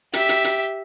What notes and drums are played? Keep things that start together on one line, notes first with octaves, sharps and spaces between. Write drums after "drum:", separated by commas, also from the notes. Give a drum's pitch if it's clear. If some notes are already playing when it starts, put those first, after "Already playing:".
G4 E5, drum: hi-hat
drum: hi-hat
drum: hi-hat